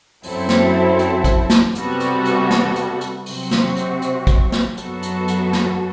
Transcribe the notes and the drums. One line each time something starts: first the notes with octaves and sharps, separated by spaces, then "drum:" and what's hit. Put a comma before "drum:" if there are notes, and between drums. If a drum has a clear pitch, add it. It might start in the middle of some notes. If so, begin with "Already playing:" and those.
F#2 F#3 C4 E4 A4, drum: open hi-hat
drum: snare
drum: hi-hat
drum: kick, hi-hat
drum: snare
C3 G3 B3 F#4 A4, drum: hi-hat
drum: hi-hat
drum: hi-hat
drum: snare
drum: hi-hat
drum: hi-hat
C3 F#3 C4 F#4, drum: open hi-hat
drum: snare
drum: hi-hat
drum: hi-hat
drum: kick, hi-hat
drum: snare
F#2 F#3 B3 F#4 A4, drum: hi-hat
drum: hi-hat
drum: hi-hat
drum: snare